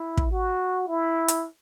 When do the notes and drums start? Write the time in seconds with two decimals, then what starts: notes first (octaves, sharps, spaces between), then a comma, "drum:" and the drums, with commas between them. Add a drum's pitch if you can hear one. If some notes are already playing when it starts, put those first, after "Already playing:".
Already playing: E4
0.17 drum: kick
0.32 F#4
0.87 E4
1.28 drum: hi-hat